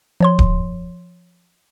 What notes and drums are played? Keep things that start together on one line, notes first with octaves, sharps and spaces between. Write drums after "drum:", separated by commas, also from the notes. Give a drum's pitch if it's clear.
F3 C#5 C6
drum: kick D1